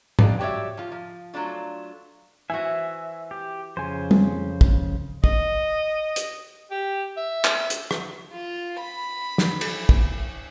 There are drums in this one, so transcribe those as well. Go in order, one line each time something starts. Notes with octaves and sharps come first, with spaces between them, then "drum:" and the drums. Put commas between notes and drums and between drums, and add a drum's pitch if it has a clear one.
G3 G#3 D4 F5, drum: tom G#2
F#4 G4 C#5 D5 E5
F3 F4
F3
F#3 A3 D4 F4
E3 E4 F#4 C5 E5 G#5
G4
F2 C#3 C5 G#5
drum: tom
drum: kick
D#5, drum: kick
drum: hi-hat
G4
E5
drum: clap
drum: hi-hat
drum: rim click
F4
B5
drum: snare
drum: cymbal
drum: kick